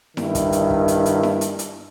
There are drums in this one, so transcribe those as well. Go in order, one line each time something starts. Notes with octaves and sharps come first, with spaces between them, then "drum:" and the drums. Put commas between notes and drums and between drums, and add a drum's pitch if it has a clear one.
G2 D#3 E4, drum: snare E4
drum: kick, hi-hat
drum: hi-hat
drum: kick
drum: hi-hat
drum: hi-hat
drum: snare E4
drum: hi-hat
drum: hi-hat